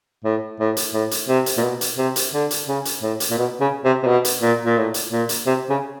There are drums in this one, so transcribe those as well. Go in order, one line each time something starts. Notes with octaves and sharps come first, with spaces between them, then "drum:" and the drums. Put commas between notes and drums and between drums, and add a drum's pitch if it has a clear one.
A2
A2
drum: hi-hat
A2
drum: hi-hat
C3
drum: hi-hat
A#2
B2
drum: hi-hat
C3
drum: hi-hat
D3
drum: hi-hat
C#3
drum: hi-hat
A2
drum: hi-hat
A#2
B2
C#3
C3
C3
B2
drum: hi-hat
A#2
A#2
A2
drum: hi-hat
A#2
drum: hi-hat
C3
C#3